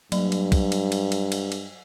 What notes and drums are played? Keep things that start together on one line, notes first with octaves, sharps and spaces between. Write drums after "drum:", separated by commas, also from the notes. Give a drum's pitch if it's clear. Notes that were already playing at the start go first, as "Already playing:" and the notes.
G2 F#3, drum: cymbal
drum: cymbal
drum: kick, cymbal
drum: cymbal
drum: cymbal
drum: cymbal
drum: cymbal
drum: cymbal